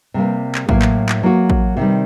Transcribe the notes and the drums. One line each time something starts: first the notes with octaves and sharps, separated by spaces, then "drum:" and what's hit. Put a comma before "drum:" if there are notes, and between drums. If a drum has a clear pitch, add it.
C3 G3 A#3
drum: clap
A2 F#3 A#3, drum: kick A1
drum: clap
drum: clap
F#3 A#3 F#4
drum: kick A1
C3 D#3 G3